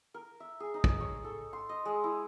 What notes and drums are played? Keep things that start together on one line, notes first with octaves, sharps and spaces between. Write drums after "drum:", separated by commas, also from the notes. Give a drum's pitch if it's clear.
A#4
E5
G#4
D#4
drum: kick
C#5
A4
C6
D#5
G#3
E4